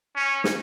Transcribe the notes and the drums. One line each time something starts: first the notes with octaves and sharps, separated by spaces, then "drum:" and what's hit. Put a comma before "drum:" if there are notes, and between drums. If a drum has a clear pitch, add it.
C#4
drum: snare